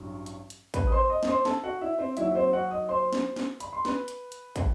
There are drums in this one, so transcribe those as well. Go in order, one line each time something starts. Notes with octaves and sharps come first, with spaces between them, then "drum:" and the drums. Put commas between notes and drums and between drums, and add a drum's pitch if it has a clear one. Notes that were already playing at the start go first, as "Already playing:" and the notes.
Already playing: A1 G2 F#3
drum: hi-hat
drum: hi-hat
B4 B5, drum: kick, hi-hat
D#6
C5 C6
D#5 D#6
D#6, drum: snare
C5 C6
A4 A5, drum: snare
F#4 F#5
E4 E5
C4 C5
D#2 D#3 F#3 E4 E5, drum: hi-hat
C4 C5
F#4 F#5
D#5 D#6
C5 C6
drum: snare
drum: snare
B5, drum: hi-hat
C6
B4 B5, drum: snare
drum: hi-hat
drum: hi-hat
drum: kick, hi-hat